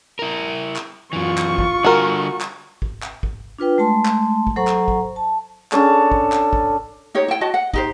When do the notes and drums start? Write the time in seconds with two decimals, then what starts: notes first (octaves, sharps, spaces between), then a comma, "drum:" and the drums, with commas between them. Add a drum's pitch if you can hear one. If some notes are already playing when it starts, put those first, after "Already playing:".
0.19 E4 A#4
0.76 drum: clap
1.13 F#2 E3 F4 C#6
1.38 drum: clap
1.58 drum: kick
1.84 D3 G3 F#4 A#4 G#5
2.41 drum: clap
2.82 drum: kick
3.03 drum: clap
3.23 drum: kick
3.58 D4 F4 B4 G5
3.78 G#3 A3 A5 C6
4.06 drum: clap
4.47 drum: kick
4.56 F#3 A4 C5 F#5 A#5 C#6
4.67 drum: clap
4.88 drum: kick
5.16 A5
5.72 C#4 D4 A4 A5, drum: clap
6.12 drum: kick
6.32 drum: clap
6.53 drum: kick
7.15 D#4 G4 C#5
7.28 E4 G5
7.41 F#4 D#5 A5
7.54 F#5
7.73 D#4 G4 C5, drum: kick